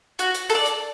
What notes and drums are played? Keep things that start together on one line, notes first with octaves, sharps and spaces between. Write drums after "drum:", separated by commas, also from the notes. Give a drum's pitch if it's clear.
F#4, drum: hi-hat
drum: hi-hat
A4, drum: open hi-hat
D5
drum: hi-hat